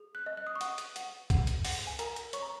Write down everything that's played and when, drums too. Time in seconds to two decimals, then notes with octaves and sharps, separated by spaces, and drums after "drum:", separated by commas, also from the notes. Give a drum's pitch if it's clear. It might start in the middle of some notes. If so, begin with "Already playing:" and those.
Already playing: G#4
0.15 F#6
0.26 D#5
0.37 F#6
0.47 D#6
0.55 C#6
0.61 F#5 D#6, drum: hi-hat
0.78 drum: hi-hat
0.96 F#5, drum: hi-hat
1.30 F#5, drum: kick, hi-hat
1.47 drum: hi-hat
1.65 F#5, drum: open hi-hat
1.87 G#5
1.99 A#4 A#5, drum: hi-hat
2.16 drum: hi-hat
2.33 C#5 C#6, drum: hi-hat
2.42 A#5